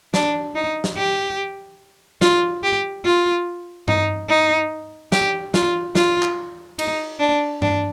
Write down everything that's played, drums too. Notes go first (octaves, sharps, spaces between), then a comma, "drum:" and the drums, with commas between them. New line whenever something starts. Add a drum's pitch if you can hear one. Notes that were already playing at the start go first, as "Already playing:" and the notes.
D4, drum: snare
D#4
drum: snare
G4
F4, drum: snare
G4
F4
D#4, drum: tom G2
D#4
G4, drum: snare
F4, drum: snare
F4, drum: snare
drum: clap
D#4, drum: cymbal
D4
D4, drum: tom G2